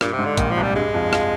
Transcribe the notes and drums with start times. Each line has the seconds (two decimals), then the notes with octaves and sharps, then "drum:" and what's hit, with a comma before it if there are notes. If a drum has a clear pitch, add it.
0.01 G2 A#2, drum: rim click
0.13 C3
0.19 G#2
0.26 D3
0.37 A#1 A#2 D#3, drum: kick A1, hi-hat
0.51 F3
0.57 C2 C3
0.63 G3
0.75 G2 G3 G#3
0.94 F2 F3
1.13 F3, drum: rim click